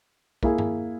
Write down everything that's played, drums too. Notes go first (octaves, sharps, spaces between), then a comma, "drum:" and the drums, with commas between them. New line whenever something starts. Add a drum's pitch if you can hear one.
A#3 E4 G#4, drum: kick
drum: tom G2